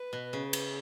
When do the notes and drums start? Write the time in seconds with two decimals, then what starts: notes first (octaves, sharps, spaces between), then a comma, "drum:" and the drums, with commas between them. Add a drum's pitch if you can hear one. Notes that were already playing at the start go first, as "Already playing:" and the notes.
Already playing: B4
0.13 B2
0.33 C#3
0.53 drum: cymbal